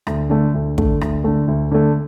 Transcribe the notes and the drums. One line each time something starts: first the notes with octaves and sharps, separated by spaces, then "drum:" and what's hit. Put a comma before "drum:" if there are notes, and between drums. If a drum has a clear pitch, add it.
D2, drum: rim click
D3 A3
D2
D3 A3, drum: kick
D2, drum: rim click
D3 A3
D2
D3 A3